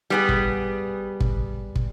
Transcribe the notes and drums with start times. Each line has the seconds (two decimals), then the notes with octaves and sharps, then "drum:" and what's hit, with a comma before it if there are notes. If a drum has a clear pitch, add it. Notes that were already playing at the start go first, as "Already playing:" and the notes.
0.10 G3 B3 G#4
0.29 drum: kick
1.20 drum: kick
1.75 drum: kick